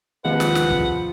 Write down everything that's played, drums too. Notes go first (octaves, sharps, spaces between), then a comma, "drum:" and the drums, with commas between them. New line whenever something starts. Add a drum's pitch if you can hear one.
D#2 C3 F3 G#3 B4 F#5
drum: snare
drum: snare
drum: kick